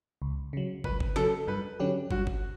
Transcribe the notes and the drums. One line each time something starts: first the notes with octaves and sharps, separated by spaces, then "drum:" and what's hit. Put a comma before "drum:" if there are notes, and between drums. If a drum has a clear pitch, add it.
C#2
C#3 F#3
C#2 B4, drum: kick
drum: kick
C#3 F#3 A4, drum: snare
G2 B4
D3 F#3 C#4 G4
G2 F#4, drum: kick
drum: kick